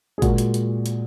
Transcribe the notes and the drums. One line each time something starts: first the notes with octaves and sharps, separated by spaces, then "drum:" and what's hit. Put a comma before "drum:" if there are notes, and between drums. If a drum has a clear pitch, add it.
G#4
A#2 G#3 F#4 A#4, drum: kick G#1, hi-hat
drum: hi-hat
drum: hi-hat
drum: hi-hat